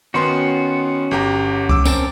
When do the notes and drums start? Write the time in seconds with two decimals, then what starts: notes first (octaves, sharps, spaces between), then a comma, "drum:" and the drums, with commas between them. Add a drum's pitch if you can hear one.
0.14 D#3 B3 C#4 F#4 C6
1.11 G1 G4 A#5
1.69 D6 E6, drum: kick C2
1.85 C4 C#4 A#4 A5, drum: tambourine